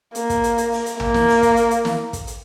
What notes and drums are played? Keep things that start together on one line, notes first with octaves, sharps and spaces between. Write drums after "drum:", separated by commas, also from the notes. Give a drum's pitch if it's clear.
A#3, drum: hi-hat
drum: kick, hi-hat
drum: hi-hat
drum: hi-hat
drum: open hi-hat
drum: hi-hat
A#3, drum: tom A#1
drum: snare
drum: open hi-hat
drum: kick, hi-hat
drum: hi-hat
drum: hi-hat
drum: snare
drum: kick, hi-hat
drum: hi-hat